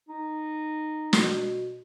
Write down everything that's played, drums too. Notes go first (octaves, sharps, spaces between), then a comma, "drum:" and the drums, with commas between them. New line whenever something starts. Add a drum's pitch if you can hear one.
D#4
B2, drum: snare